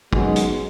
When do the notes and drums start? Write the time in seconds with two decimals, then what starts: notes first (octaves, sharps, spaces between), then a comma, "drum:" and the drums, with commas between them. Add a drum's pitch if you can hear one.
0.13 F#2 F#3 G#3 B3 D#4 F#4, drum: kick
0.36 drum: hi-hat